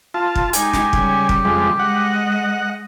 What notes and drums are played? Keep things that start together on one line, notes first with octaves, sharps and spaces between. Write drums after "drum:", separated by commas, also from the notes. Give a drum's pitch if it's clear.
F4 A5
drum: kick
G#3 D#4 G4 G#5, drum: hi-hat
drum: snare
C#3 G3, drum: kick
drum: kick
F2 G#3
G#3 D#5 F#5